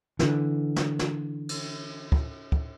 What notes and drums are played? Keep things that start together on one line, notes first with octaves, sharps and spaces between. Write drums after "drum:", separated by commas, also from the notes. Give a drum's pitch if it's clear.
D3 E3, drum: snare
drum: snare
drum: snare
drum: cymbal
drum: kick
drum: kick